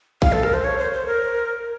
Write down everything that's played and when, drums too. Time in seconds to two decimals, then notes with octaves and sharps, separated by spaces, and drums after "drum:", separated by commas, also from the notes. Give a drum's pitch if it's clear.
0.22 F5, drum: kick
0.32 A4
0.43 A#4, drum: rim click
0.54 C5
0.64 C#5
0.78 C5
0.93 C5
1.06 A#4